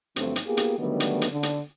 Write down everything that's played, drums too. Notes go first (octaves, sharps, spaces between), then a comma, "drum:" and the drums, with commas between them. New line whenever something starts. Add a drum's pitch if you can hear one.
G2 D3 F3 F#3 A3 C4, drum: hi-hat
drum: hi-hat
A#3 B3 F4 G4 G#4
drum: hi-hat
D3 D#3 F#3 G3 A3 B3
drum: hi-hat
drum: hi-hat
D3
drum: hi-hat